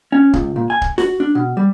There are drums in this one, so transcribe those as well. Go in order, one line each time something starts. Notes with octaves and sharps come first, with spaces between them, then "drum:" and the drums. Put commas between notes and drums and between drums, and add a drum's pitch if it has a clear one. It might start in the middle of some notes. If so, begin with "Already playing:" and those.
C#4
C#2, drum: kick C#1
A#2
G#5
drum: kick C#1
F#4, drum: snare
D4
B2
G3